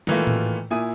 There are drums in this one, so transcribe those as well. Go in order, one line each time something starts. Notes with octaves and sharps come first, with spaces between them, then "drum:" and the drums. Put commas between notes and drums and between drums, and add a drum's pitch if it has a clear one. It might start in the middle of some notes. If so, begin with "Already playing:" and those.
A#2 D#3 E3 A3 F4, drum: snare
drum: tom A2
A#2 E4 G#5 D#6